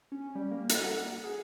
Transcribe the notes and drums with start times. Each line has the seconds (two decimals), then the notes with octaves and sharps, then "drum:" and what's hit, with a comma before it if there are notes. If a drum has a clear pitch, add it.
0.12 C#4
0.35 G3
0.51 A#3
0.69 A4, drum: hi-hat
0.84 F#5
0.96 F#5
1.24 G#4